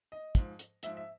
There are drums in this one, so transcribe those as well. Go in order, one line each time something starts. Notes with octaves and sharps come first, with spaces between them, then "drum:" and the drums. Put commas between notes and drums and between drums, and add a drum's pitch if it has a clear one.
D#5
G#2 F3, drum: kick, hi-hat
drum: hi-hat
G#2 F3 E5, drum: hi-hat
E5